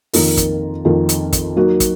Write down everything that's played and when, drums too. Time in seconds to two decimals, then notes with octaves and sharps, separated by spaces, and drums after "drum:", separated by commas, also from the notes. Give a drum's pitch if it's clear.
0.13 F2 D#3 A#3 F4 A#4, drum: open hi-hat
0.37 drum: kick, hi-hat
0.85 F2 D#3 A#3 F4 A#4
1.09 drum: hi-hat
1.33 drum: kick, hi-hat
1.56 F#3 A#3 D#4 F#4
1.80 drum: kick, hi-hat